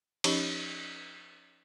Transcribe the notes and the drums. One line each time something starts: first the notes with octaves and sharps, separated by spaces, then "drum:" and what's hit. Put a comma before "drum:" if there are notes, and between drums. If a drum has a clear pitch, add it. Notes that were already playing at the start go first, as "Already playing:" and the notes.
F3 C#4 D#4 G4 D#5, drum: cymbal